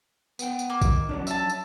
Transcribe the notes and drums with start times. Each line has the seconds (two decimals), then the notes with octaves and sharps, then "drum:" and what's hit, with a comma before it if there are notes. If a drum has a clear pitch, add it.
0.39 B3 G5, drum: tambourine
0.59 drum: tambourine
0.70 A#3
0.82 drum: kick A1, tambourine
0.92 D#3
1.09 F#3 C#4 D4
1.27 E5 A5, drum: tambourine
1.49 drum: tambourine